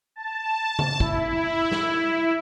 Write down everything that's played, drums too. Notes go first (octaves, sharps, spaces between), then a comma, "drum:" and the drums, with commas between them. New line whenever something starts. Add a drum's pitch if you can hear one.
A5
drum: tom C#3
E4, drum: kick
drum: snare